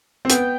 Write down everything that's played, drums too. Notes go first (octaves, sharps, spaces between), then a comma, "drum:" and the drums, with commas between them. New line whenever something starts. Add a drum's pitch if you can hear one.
C4
B3 G5, drum: hi-hat